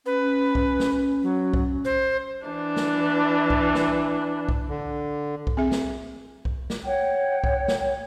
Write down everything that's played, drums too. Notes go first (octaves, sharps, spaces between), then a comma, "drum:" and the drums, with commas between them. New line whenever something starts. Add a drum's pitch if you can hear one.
C#4 B4
drum: kick B1
drum: snare
F#3
drum: kick B1
C5
E3 D4
drum: snare
drum: kick B1
drum: snare
drum: kick B1
D3
drum: kick B1
C4 G#4 E5
drum: snare
drum: kick B1
drum: snare
C#5 F#5 G5
drum: kick B1
drum: snare